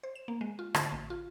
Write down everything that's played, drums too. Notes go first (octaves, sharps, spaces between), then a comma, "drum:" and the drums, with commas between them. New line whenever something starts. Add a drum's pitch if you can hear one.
C5
E7
A#3
G#3
F4
D3, drum: rim click
A1
F4